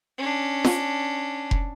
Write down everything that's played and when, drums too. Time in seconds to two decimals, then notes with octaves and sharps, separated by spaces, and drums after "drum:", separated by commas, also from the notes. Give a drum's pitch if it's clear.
0.18 C#4 D4
0.65 drum: snare
1.51 drum: kick F1